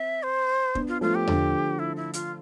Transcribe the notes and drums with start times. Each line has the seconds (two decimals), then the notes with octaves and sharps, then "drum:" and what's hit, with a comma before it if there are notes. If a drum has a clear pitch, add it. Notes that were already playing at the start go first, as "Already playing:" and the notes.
Already playing: C4 E5
0.23 C5
0.75 B3 D4, drum: kick
0.88 F4
1.01 F3 A3 F4
1.15 G4
1.27 D3 F3, drum: tom E2
1.79 E4
1.96 E4
2.14 F4, drum: hi-hat